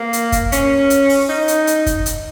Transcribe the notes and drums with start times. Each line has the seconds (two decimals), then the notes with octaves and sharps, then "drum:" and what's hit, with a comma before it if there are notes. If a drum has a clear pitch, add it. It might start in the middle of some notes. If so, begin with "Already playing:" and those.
Already playing: A#3
0.13 drum: hi-hat
0.32 drum: kick, hi-hat
0.52 C#4, drum: hi-hat
0.90 drum: hi-hat
1.09 drum: open hi-hat
1.29 D#4
1.48 drum: hi-hat
1.67 drum: hi-hat
1.86 drum: kick, hi-hat
2.06 drum: hi-hat